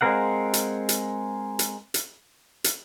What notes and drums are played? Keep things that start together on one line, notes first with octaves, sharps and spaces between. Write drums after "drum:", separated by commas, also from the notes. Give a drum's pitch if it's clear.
G#3 C4 A#4 F5 F#5
drum: hi-hat
drum: hi-hat
drum: hi-hat
drum: hi-hat
drum: hi-hat